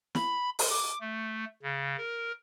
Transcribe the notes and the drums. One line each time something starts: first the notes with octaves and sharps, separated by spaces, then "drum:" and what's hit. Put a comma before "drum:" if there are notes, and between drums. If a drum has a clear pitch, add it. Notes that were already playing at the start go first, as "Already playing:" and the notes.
B5, drum: snare
drum: open hi-hat
D6
A3
C#3
A#4